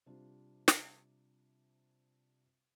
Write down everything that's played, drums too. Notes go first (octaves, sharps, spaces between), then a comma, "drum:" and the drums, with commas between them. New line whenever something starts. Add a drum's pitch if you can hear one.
C3 G3 D4 F4
drum: snare